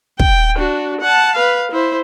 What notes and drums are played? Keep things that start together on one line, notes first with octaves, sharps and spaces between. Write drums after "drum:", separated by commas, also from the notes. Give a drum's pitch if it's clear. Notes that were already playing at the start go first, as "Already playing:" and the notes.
G5, drum: kick
D4 F#4
F#5 A5
B4 F5
E4 C5